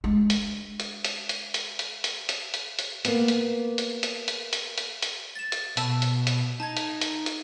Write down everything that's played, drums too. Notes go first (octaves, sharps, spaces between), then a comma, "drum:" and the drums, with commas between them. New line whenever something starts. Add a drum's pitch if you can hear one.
G#3 D4
drum: hi-hat
drum: hi-hat
drum: hi-hat
drum: hi-hat
drum: hi-hat
drum: hi-hat
drum: hi-hat
drum: hi-hat
drum: hi-hat
drum: hi-hat
A#3 B3, drum: hi-hat
drum: hi-hat
drum: hi-hat
drum: hi-hat
drum: hi-hat
drum: hi-hat
drum: hi-hat
drum: hi-hat
A6 E7
drum: hi-hat
B2 A5 E6, drum: hi-hat
drum: hi-hat
drum: hi-hat
D#4 A5 G#6
drum: hi-hat
drum: hi-hat
drum: hi-hat